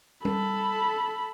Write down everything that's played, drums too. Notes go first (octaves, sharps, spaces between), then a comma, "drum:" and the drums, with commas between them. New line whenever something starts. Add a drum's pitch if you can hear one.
A4 B5, drum: tom G3